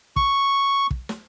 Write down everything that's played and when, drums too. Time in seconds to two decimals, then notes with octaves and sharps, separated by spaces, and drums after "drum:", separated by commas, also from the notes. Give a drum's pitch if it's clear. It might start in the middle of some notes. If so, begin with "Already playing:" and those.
0.16 C#6, drum: kick
0.91 drum: kick
1.09 drum: snare